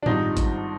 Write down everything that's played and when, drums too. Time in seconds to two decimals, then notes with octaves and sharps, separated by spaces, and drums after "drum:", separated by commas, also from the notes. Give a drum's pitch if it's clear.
0.03 D4
0.06 G#1 G2 F3 D#4, drum: tom A2
0.37 drum: kick, hi-hat